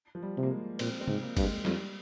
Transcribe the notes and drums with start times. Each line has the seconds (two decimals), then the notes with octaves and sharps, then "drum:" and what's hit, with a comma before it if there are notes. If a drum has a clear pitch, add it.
0.15 F3
0.22 G3
0.37 C3
0.43 A#3
0.51 G#3
0.79 A#2 C4, drum: cymbal
1.01 C4
1.07 G#2, drum: tom C3
1.22 A#3
1.37 G2, drum: kick G1, cymbal
1.44 G#3
1.65 F2 G3, drum: snare